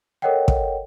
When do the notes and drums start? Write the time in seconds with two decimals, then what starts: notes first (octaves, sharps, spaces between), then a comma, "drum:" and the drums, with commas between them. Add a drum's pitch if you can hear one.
0.22 A4 A#4 C#5 D#5 F#5 G5
0.48 drum: kick